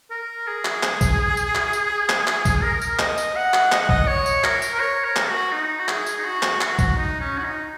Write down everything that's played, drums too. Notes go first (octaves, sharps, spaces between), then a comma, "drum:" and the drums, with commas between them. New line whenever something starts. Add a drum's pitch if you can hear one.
A#4
G#4
drum: clap
drum: clap
drum: kick, tambourine
drum: tambourine
drum: clap
drum: tambourine
drum: clap
drum: clap
drum: kick, tambourine
A#4
drum: tambourine
D#5, drum: clap
drum: tambourine
F#5
drum: clap
D#5, drum: clap
F#5
D#5, drum: kick
C#5
drum: tambourine
A#4, drum: clap
drum: tambourine
A#4
C#5
A#4
drum: clap
F#4
D#4
F#4
G#4, drum: clap
drum: tambourine
D#4
F#4
drum: clap
F#4, drum: clap
drum: kick, tambourine
D#4
C#4
F#4
D#4